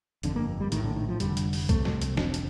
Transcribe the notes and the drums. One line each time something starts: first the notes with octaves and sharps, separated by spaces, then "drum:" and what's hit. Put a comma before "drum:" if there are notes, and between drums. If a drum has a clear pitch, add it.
G1 F2 D3, drum: hi-hat
A#3
G3
A#1 A2 D#3, drum: hi-hat
D3
D#3
F3
F1 F2 D3 G3, drum: hi-hat
drum: hi-hat
drum: open hi-hat
C2 C3 A3, drum: kick, hi-hat
drum: snare
drum: hi-hat
F1 F2 C3 D4, drum: snare
drum: hi-hat